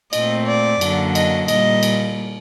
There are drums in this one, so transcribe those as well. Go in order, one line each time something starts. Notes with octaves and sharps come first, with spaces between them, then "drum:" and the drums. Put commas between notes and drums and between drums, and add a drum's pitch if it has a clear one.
A#2 A3 C4 D#5, drum: cymbal
D5
F#2 D3 F#3 A#3, drum: cymbal
D#5, drum: cymbal
A#2 G3 A#3 D#5, drum: cymbal
drum: cymbal